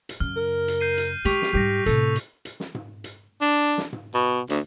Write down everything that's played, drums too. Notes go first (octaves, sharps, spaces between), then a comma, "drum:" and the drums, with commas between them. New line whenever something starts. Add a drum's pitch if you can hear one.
drum: hi-hat
F#2 C#3 F6
A#4
drum: hi-hat
G6 C7 D#7
drum: hi-hat
G#3 G4 C#6 B6 F7, drum: hi-hat
drum: snare
G#2 G3 G4 G6 A#6
A2 C3 A4, drum: hi-hat
drum: hi-hat
drum: hi-hat
drum: snare
drum: tom G#2
drum: hi-hat
D4
drum: snare
drum: tom G#2
B2
D2, drum: hi-hat